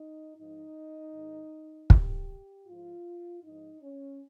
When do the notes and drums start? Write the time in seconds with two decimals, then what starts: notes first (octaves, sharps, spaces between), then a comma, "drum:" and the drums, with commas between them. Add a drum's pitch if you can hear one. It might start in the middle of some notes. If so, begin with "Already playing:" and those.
Already playing: D#4
0.36 G#2 F3 D#4
1.12 G#2 D#3
1.90 G2 F3 G4, drum: kick
2.65 G#2 F3 F4
3.42 G#2 F3 D#4
3.81 C#4